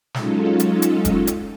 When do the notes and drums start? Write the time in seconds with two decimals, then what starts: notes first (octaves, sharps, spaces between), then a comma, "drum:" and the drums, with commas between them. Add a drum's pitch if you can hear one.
0.14 F#3 G#3 C#4 D#4 F4 A4, drum: snare
0.60 drum: hi-hat
0.82 drum: hi-hat
1.05 drum: kick F1, hi-hat
1.27 drum: hi-hat